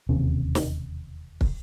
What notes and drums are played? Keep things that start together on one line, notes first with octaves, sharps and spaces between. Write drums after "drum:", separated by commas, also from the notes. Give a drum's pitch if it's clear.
E1 D#2 C3 C#4
drum: snare
drum: kick